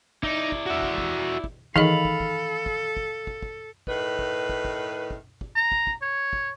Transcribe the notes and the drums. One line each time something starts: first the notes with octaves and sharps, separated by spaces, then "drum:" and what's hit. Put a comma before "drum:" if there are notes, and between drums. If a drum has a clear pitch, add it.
D#4 E4 D5, drum: kick
drum: kick
F#4 E5
drum: kick
drum: kick
drum: kick
D#3 E3 G#4 A4 D#5 F5 B5, drum: kick
drum: kick
drum: kick
drum: kick
drum: kick
drum: kick
drum: kick
A2 D#3 B4, drum: kick
drum: kick
drum: kick
drum: kick
drum: kick
drum: kick
A#5
drum: kick
drum: kick
C#5
drum: kick